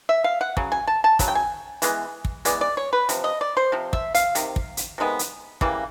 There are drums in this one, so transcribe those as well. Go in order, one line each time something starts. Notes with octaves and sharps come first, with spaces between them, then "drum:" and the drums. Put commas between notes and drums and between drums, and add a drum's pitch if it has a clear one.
E5
F5
F#5
C#3 F#3, drum: kick
G#5
A5
A5
C#3 F#3, drum: kick, hi-hat
G5
G#5
E3 G#3 B3, drum: hi-hat
drum: kick
E3 G#3 B3 D5, drum: hi-hat
D5
C#5
B4
C3 F3, drum: hi-hat
D#5
D5
C5
C3 F3
E5, drum: kick
F5, drum: hi-hat
C3 D#3, drum: hi-hat
drum: kick
drum: hi-hat
C3 D#3 G#3 B3
drum: hi-hat
C#3 E3 G3 A#3, drum: kick